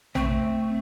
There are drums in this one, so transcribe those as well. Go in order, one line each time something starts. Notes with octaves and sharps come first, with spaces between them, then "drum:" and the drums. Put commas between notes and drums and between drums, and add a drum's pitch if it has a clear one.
A3 C4, drum: tom A#1